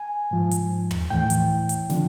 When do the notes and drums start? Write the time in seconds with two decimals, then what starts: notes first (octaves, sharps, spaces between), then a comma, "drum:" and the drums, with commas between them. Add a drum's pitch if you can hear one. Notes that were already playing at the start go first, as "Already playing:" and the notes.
Already playing: G#5
0.31 G#2 F3
0.51 drum: hi-hat
0.91 drum: tom
1.10 A2 E3 G5
1.30 drum: hi-hat
1.69 drum: hi-hat
1.90 D3 F3, drum: snare